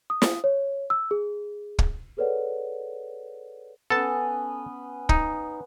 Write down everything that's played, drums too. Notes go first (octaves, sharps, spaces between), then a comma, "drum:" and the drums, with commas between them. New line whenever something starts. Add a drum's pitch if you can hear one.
D#6
drum: snare
C#5
E6
G#4
drum: kick
G#4 A4 B4 C#5 D5 F#5
B3 C#4 A4 A5
D#4, drum: kick